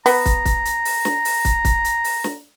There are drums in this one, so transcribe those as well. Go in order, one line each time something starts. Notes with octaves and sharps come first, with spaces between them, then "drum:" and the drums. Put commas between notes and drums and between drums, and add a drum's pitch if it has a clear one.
B3 A#5, drum: open hi-hat
drum: kick, hi-hat
drum: kick, hi-hat
drum: hi-hat
drum: open hi-hat
drum: snare
drum: open hi-hat
drum: kick, hi-hat
drum: kick, hi-hat
drum: hi-hat
drum: open hi-hat
drum: snare